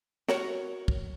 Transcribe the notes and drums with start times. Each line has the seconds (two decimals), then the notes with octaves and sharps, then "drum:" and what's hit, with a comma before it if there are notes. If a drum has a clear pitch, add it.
0.29 F#4 A#4 C#5, drum: snare
0.88 drum: kick